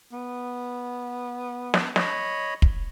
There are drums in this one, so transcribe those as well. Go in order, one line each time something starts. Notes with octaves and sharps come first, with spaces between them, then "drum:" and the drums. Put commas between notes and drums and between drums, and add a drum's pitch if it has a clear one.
B3
drum: snare
C#5 D#5 B5, drum: snare
drum: kick